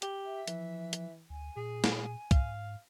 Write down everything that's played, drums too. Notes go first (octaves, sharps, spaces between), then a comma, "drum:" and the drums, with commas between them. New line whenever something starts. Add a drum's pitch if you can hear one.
G4, drum: hi-hat
E5
E3 F3, drum: hi-hat
drum: hi-hat
D2 G#5
A#2 G#4
drum: snare
G#2 F5, drum: kick, hi-hat